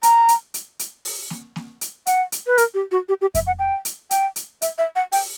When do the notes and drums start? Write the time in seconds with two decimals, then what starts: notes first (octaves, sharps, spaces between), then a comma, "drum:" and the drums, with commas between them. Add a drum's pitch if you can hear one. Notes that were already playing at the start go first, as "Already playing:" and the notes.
0.03 A#5, drum: hi-hat
0.28 drum: hi-hat
0.54 drum: hi-hat
0.79 drum: hi-hat
1.05 drum: open hi-hat
1.30 drum: snare A#3
1.56 drum: snare A#3
1.81 drum: hi-hat
2.07 F#5, drum: hi-hat
2.32 drum: hi-hat
2.47 B4
2.58 A#4, drum: hi-hat
2.74 G4
2.91 F#4
3.09 G4
3.21 G4
3.35 E5, drum: kick F2, hi-hat
3.47 F#5
3.59 G5
3.85 drum: hi-hat
4.11 G5, drum: hi-hat
4.36 drum: hi-hat
4.62 E5, drum: hi-hat
4.78 E5
4.96 F#5
5.12 G5, drum: open hi-hat